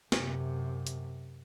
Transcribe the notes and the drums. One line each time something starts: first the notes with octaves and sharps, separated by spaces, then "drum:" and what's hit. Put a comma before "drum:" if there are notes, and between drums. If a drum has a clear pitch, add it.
F#2 C3, drum: snare
drum: hi-hat